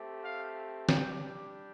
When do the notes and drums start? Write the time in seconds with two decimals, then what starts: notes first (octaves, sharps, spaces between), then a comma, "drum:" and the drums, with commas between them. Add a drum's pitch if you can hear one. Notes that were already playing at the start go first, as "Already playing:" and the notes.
Already playing: A3 C4 G4
0.21 F5
0.89 G3 D4 G4 G5, drum: snare